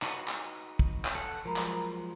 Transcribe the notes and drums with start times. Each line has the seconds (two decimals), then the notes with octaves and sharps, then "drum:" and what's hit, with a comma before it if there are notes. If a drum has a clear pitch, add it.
0.02 D#4 F#4 B4, drum: clap
0.28 drum: clap
0.79 drum: kick
1.05 drum: clap
1.15 A4 F#5
1.45 F3 F#3 G#3 A#4 A#5 B5
1.56 drum: clap